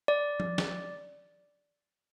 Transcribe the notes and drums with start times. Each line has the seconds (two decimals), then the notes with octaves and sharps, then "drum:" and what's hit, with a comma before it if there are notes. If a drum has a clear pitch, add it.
0.08 D5
0.40 drum: tom F3
0.58 drum: snare